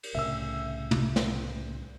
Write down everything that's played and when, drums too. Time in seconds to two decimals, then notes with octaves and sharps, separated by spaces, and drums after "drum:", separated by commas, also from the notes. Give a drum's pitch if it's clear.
0.03 drum: cymbal
0.15 C2 A2 C#3 E5 E6
0.91 drum: tom
1.16 drum: snare